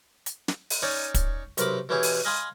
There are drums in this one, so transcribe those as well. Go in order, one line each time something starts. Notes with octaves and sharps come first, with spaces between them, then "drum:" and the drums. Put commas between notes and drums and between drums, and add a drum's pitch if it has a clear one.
drum: hi-hat
drum: snare
drum: open hi-hat
C#4 D#4 C#5 D5
drum: kick, hi-hat
B1 C3 A#4 B5 D6, drum: hi-hat
B2 E3 C#4 E4 G4 G#4
drum: open hi-hat
D#5 F5 G#5 B5 C6 D#6